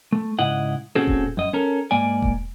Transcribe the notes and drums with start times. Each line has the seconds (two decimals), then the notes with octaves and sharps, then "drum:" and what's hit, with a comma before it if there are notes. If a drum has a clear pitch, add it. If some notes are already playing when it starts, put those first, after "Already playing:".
0.13 A3
0.39 C#2 G#2 E4 D#5 F#5
0.95 A#2 C4 C#4 F#4 G#4 A4
1.07 drum: kick E1
1.37 F#2 D#5
1.53 C#4 A4 A#4
1.91 G#2 A#3 D5 G#5
2.22 drum: kick E1